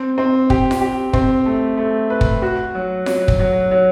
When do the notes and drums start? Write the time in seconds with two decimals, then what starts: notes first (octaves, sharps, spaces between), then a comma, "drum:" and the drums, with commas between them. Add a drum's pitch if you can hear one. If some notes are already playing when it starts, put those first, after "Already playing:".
Already playing: C4
0.18 C4
0.50 G4, drum: kick
0.71 drum: snare F4
0.81 G4
1.13 C4, drum: kick
1.46 A3
1.77 A3
2.10 B4
2.21 drum: kick
2.42 F#4
2.75 F#3
3.06 F#3, drum: snare F4
3.28 drum: kick
3.39 F#3
3.71 F#3